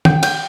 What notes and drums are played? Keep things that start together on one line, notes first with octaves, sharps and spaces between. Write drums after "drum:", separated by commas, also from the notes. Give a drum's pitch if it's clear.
G5, drum: tom
G5, drum: cymbal